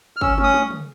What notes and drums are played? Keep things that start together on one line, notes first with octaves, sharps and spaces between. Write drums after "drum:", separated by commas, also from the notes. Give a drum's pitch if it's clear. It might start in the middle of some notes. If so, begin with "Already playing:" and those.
F6
C#4 E6, drum: kick
C#4, drum: tom
D#6
drum: tom
drum: tom